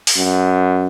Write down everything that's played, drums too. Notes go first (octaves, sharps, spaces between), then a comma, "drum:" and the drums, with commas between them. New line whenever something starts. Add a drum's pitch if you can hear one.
drum: open hi-hat
F#2